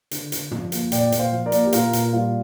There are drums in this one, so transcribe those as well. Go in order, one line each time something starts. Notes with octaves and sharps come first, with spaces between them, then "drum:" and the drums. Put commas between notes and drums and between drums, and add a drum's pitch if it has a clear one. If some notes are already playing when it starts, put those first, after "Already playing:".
D3, drum: hi-hat
D3, drum: hi-hat
F3, drum: tom
A#3, drum: hi-hat
A#2 D5 G5, drum: hi-hat
A#2, drum: hi-hat
C5 F5
F3
A#4 D5
A#3, drum: hi-hat
G4
A#2 F4 A#4, drum: hi-hat
A#2, drum: hi-hat
G3 F4